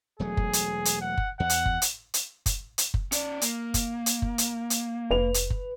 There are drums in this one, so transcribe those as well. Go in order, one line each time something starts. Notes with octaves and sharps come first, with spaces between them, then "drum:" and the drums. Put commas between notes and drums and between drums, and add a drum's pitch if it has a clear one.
E1 F#3 A3 G#4
drum: kick F#1
drum: hi-hat
drum: hi-hat
F#5
drum: kick F#1
E2 F#5
drum: hi-hat
drum: kick F#1
drum: hi-hat
drum: hi-hat
drum: kick F#1, hi-hat
drum: hi-hat
drum: kick F#1
C#4 D5, drum: hi-hat
A#3, drum: hi-hat
drum: kick F#1, hi-hat
drum: hi-hat
drum: kick F#1
drum: hi-hat
drum: hi-hat
F1 B4 F7
drum: hi-hat
drum: kick F#1